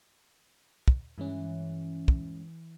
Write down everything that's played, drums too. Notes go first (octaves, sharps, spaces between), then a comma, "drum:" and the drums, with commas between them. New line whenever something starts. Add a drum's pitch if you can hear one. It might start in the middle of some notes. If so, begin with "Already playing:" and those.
drum: kick
G2 E3 G#3 C#4
drum: kick